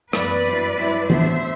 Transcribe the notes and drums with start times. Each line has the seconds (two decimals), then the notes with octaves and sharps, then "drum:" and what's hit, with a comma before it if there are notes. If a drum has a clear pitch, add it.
0.13 F#2 E3 B3 B4 D5, drum: rim click
0.46 G2 F#3 C4 E4, drum: hi-hat
0.78 G2 F#3 A3 C4 E4
1.10 A2 F#3 B3 D4 C5 E5, drum: tom E3